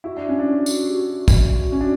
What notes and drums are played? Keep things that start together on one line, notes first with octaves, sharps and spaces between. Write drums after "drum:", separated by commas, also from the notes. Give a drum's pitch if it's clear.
E4 F#4
D4
C#4
D4
F#4
drum: tambourine
G4
F#4
drum: kick, tambourine
C#4
D4